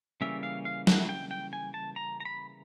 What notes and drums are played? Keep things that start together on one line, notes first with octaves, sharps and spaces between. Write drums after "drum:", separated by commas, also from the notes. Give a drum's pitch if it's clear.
C#3 E3 G3 A#3 C#4 E5
F5
F5
F#5, drum: snare
G5
G5
G#5
A5
A#5
A#5
B5